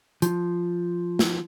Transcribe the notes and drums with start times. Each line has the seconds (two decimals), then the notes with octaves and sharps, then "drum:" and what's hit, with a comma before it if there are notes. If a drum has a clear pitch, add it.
0.22 F3, drum: hi-hat
1.19 drum: snare